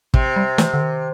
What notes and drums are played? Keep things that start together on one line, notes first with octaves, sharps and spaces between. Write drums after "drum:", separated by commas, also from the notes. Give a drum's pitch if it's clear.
C3, drum: kick
G3
E3, drum: snare
D3
D#3